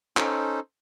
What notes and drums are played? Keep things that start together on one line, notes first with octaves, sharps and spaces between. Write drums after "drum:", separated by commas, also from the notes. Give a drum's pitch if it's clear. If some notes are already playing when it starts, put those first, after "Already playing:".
C#4 D#4 A4 C5, drum: clap